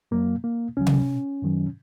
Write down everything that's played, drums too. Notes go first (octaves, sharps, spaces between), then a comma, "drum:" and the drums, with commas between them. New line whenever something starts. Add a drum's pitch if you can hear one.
F#2 F#3 A#3
A#3
C#2 C#3 F#3 C#4
drum: tom C3
F#2 D#3 F#3